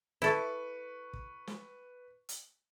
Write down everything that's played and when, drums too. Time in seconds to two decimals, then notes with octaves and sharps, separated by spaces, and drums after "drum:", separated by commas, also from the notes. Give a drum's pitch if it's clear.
0.22 E4 A4 B4 C#6, drum: snare
1.13 drum: kick
1.47 drum: snare
2.29 drum: hi-hat